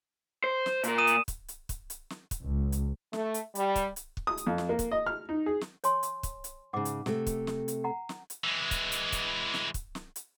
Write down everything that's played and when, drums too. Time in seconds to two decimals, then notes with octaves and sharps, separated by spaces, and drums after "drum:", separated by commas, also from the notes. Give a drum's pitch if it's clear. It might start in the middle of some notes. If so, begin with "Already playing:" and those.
0.44 C5
0.66 drum: snare
0.84 A#2 A#4, drum: hi-hat
0.98 D#6 D#7 E7
1.07 drum: hi-hat
1.28 drum: kick, hi-hat
1.48 drum: hi-hat
1.69 drum: kick, hi-hat
1.90 drum: hi-hat
2.10 drum: snare
2.31 drum: kick, hi-hat
2.45 C#2
2.72 drum: hi-hat
3.13 A3, drum: snare
3.34 drum: hi-hat
3.55 G3, drum: hi-hat
3.76 drum: kick, hi-hat
3.96 drum: hi-hat
4.17 drum: kick
4.27 D#6
4.37 drum: hi-hat
4.47 F2
4.58 drum: snare
4.69 A#3
4.79 drum: kick, hi-hat
4.92 D#5
5.06 F6
5.29 D#4
5.46 G#4
5.61 drum: snare
5.84 C#5 G#5 C6, drum: hi-hat
6.03 drum: hi-hat
6.23 drum: kick, hi-hat
6.44 drum: hi-hat
6.73 G#2 C#3 F#5 D6
6.85 drum: hi-hat
7.06 C3 A3, drum: snare
7.27 drum: kick, hi-hat
7.47 drum: snare
7.68 drum: hi-hat
7.84 F#5 A#5
8.09 drum: snare
8.30 drum: hi-hat
8.44 E3 G#3
8.71 drum: kick, hi-hat
8.92 drum: hi-hat
9.12 drum: kick, hi-hat
9.54 drum: snare
9.74 drum: kick, hi-hat
9.95 drum: snare
10.16 drum: hi-hat